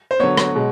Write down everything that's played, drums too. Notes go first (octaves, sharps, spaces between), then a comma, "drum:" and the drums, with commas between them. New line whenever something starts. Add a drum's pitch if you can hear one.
C5
D3 F#3 B3 C#5
drum: rim click
B2 G#3